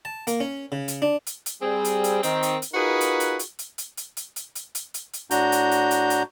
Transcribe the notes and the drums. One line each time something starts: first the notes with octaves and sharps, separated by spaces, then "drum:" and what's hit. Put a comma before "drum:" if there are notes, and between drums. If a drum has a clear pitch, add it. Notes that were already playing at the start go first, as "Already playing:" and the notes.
A5
A#3, drum: hi-hat
C#4
C#3
drum: hi-hat
D4
drum: hi-hat
drum: hi-hat
G3 C4 G#4
drum: hi-hat
drum: hi-hat
D#3 C4 D#4, drum: hi-hat
drum: hi-hat
drum: hi-hat
D#4 F4 F#4 G#4 A#4 B4
drum: hi-hat
drum: hi-hat
drum: hi-hat
drum: hi-hat
drum: hi-hat
drum: hi-hat
drum: hi-hat
drum: hi-hat
drum: hi-hat
drum: hi-hat
drum: hi-hat
drum: hi-hat
A2 D4 F#4 A#5 G6, drum: hi-hat
drum: hi-hat
drum: hi-hat
drum: hi-hat
drum: hi-hat